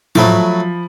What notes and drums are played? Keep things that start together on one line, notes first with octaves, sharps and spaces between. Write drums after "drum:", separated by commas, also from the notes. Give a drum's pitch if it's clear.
F3 F#3 A3 B5 D6, drum: tom